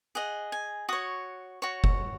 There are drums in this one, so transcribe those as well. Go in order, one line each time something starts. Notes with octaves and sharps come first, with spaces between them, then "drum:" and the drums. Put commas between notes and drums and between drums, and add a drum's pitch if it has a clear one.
G#4 D#5 F#5
G#5
F#4 C#5 D#6
F#4 C#5
drum: kick F1